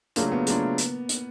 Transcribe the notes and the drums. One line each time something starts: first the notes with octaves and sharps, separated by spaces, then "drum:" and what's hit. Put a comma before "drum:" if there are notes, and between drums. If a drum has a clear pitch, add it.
C#3 F#3 A3 A#3 D4 F4, drum: hi-hat
B3
C#3 F#3 A3 D4 F4, drum: hi-hat
drum: hi-hat
drum: hi-hat